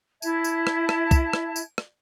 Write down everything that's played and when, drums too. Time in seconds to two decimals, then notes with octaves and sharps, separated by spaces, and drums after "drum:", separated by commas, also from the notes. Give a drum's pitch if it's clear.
0.22 E4 E5 A5 G#6, drum: tambourine
0.44 drum: tambourine
0.67 drum: rim click
0.89 drum: rim click
1.11 drum: kick C2, tambourine
1.33 drum: rim click
1.56 drum: tambourine
1.78 drum: rim click